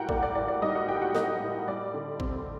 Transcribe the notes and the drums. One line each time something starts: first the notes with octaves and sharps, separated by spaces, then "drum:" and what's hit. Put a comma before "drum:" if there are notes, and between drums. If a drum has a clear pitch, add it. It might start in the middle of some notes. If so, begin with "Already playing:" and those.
Already playing: A2 G3 F#4 A#4 F#5 G5 A#5
A#3 D5, drum: kick
D5
A2 D5
D5
G3 D#4 D#5
F#4 F#5
A2 G4 G5
F#4 F#5
A#3 D#4 D#5, drum: snare
A2
G3 D5
D3
C4, drum: kick